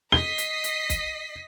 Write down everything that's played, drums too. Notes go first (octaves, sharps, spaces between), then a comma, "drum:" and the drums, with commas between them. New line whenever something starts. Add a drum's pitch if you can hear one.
D#5 B6 C7 G7
drum: hi-hat
drum: hi-hat
drum: kick, hi-hat